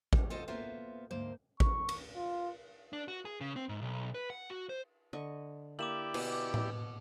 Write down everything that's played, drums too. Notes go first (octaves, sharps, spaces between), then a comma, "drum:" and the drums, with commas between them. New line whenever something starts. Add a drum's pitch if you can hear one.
G3, drum: kick A1
F4 A4 C5 D#5
A#3 B3 F4 C5 E5
D2 G#2 A#3 C5
C#6, drum: kick A1
drum: cymbal
F4
D4
F#4
G#4
C#3
C4
G#2
B1
B4
F#5
F#4
C5
D3 D#5 C#6
A#3 E4 G4 D5 D6 E7 F#7
B2 G#5, drum: cymbal
drum: tom A2